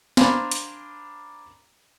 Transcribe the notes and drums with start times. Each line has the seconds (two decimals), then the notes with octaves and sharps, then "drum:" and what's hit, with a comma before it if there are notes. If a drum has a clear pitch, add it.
0.17 D4 A#4 C5 F5 G#5 B5, drum: snare
0.51 drum: hi-hat